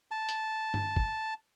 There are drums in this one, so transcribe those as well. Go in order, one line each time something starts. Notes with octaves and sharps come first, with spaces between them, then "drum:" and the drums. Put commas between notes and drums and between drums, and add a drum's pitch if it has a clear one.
A5
drum: hi-hat
drum: tom G2
drum: kick